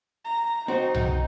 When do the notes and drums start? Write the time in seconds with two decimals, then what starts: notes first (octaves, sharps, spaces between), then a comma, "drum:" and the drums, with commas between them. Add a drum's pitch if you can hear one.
0.25 A#5
0.68 C4 D#4 F#4
0.95 drum: tom B1